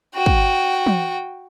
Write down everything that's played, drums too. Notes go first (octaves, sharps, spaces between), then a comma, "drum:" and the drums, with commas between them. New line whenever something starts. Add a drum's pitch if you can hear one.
F#4 G5
drum: kick
drum: tom